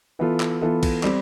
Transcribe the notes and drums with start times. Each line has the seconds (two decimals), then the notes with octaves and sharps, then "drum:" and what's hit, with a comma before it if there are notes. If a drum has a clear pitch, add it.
0.19 E3 B3 F4 A4
0.40 drum: clap
0.61 E3 B3 F4 A4
0.83 drum: kick, cymbal
1.03 G3 C4 G4, drum: clap